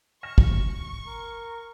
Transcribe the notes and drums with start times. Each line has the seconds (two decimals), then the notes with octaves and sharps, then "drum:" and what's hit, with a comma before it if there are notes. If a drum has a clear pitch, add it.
0.23 C#6 F6 A#6 E7
0.38 drum: kick
1.07 A#4